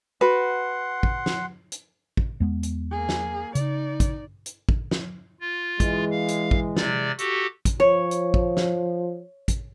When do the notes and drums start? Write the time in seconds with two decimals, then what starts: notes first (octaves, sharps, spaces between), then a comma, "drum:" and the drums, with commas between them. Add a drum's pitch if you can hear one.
0.21 F#4 B4 F#5 C6
1.03 drum: kick
1.26 drum: snare
1.72 drum: hi-hat
2.17 drum: kick
2.40 E2 G#3 B3
2.63 drum: hi-hat
2.91 A#3 G#4
3.09 drum: snare
3.55 C#3 D#4 D5, drum: hi-hat
4.00 drum: kick, hi-hat
4.46 drum: hi-hat
4.69 drum: kick
4.91 drum: snare
5.41 F4
5.80 E3 G#3, drum: kick, hi-hat
6.11 F5
6.28 drum: hi-hat
6.51 drum: kick
6.77 C3 D5, drum: snare
7.18 F#4 G4 A4, drum: hi-hat
7.65 drum: kick, hi-hat
7.80 F3 C#5
8.11 drum: hi-hat
8.34 drum: kick
8.57 drum: snare
9.48 drum: kick, hi-hat